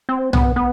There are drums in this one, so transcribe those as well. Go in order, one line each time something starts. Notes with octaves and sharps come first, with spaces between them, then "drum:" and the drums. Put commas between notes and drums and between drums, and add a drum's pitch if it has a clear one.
C4
B3, drum: tom
B3